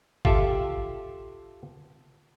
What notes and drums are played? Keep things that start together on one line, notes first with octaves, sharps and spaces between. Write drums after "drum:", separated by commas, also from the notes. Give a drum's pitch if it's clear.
F4 G4 A4 E5, drum: kick